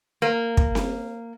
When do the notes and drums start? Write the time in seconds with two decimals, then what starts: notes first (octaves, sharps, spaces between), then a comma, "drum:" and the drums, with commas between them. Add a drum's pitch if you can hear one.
0.22 A#3
0.57 drum: kick
0.75 drum: snare C4